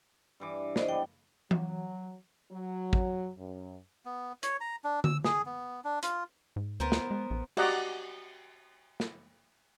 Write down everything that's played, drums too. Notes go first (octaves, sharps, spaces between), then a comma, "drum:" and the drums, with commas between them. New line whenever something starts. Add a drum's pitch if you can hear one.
G2 E3 D6
C5 D5 D#5, drum: snare
B3 D4 G5
F#3, drum: tom E3
F#3
drum: kick
F#2
B3
C#5, drum: hi-hat
A#5
D4
E6, drum: tom D3
G#4, drum: snare
B3
D4
F4, drum: hi-hat
G#2
D2 B3 A#4 C5
drum: snare
G#3
A#1
F#4 G4 D5 D#5 F#5 A#5, drum: cymbal
drum: snare